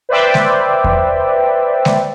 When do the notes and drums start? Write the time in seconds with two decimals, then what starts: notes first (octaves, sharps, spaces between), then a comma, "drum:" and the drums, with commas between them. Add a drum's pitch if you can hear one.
0.09 B4 C5 D5 E5 G5
0.34 drum: snare G#3
0.84 drum: kick E2
1.85 drum: snare G#3